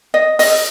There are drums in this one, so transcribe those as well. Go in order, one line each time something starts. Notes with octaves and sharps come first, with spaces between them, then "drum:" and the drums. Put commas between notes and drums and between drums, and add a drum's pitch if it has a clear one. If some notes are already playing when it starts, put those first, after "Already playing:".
D#5
D#5, drum: open hi-hat